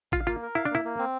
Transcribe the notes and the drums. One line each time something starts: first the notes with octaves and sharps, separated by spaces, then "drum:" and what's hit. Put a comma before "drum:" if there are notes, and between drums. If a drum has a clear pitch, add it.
F4 F5, drum: kick G#1
A#3 F4
A#4
E4 F5
D4
A#3 E4
A#3
C4